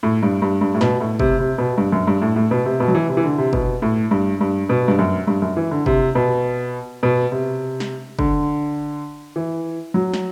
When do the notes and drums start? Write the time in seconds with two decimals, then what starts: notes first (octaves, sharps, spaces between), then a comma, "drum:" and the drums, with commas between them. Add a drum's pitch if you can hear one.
0.03 A2
0.23 G2
0.42 G2
0.61 G2
0.74 A2
0.81 B2, drum: snare
1.01 A2
1.19 C3, drum: kick
1.39 C3
1.58 B2
1.78 G2
1.92 F#2
2.07 G2
2.22 A2
2.36 A2
2.51 B2
2.65 C3
2.80 B2
2.88 F#3
2.95 E3
3.09 C3
3.17 E3
3.24 D3
3.38 C3
3.53 B2, drum: kick
3.82 A2
4.11 G2
4.41 G2
4.69 B2
4.88 G2
4.99 F#2
5.27 G2
5.42 F#2
5.57 E3
5.71 D3
5.86 C3, drum: kick
6.15 B2
7.03 B2
7.32 C3
7.80 drum: snare
8.19 D3, drum: kick
9.36 E3
9.94 F#3
10.14 drum: snare